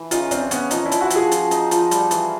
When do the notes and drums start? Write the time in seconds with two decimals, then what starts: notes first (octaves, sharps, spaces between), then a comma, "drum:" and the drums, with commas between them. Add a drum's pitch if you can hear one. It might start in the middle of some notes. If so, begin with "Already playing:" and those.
Already playing: E3
0.11 C#3 D#4 F4, drum: hi-hat
0.31 C#3 C4 D4, drum: hi-hat
0.42 D4
0.51 C#3 B3 C#4, drum: hi-hat
0.71 F3 C#4 D#4, drum: hi-hat
0.86 D4 E4
0.92 F3, drum: hi-hat
1.01 E4 F#4
1.10 F3, drum: hi-hat
1.16 F#4 G#4
1.31 F3, drum: hi-hat
1.51 D#4, drum: hi-hat
1.71 F3, drum: hi-hat
1.91 G3, drum: hi-hat
2.11 E3, drum: hi-hat